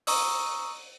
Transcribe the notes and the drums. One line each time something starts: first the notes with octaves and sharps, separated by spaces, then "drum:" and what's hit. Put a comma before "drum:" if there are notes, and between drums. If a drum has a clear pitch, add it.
A#5 C#6 D#6 E6, drum: open hi-hat